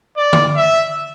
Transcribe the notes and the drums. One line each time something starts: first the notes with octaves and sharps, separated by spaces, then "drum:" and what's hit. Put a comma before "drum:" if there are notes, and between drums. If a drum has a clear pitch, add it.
D5
drum: tom D3
E5